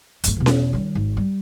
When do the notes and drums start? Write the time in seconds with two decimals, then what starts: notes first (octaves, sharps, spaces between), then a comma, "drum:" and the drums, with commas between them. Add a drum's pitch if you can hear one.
0.24 G2 A3, drum: hi-hat
0.36 E2 B2
0.46 drum: snare C#4
0.73 D#3 G3
0.95 G#1
1.17 G3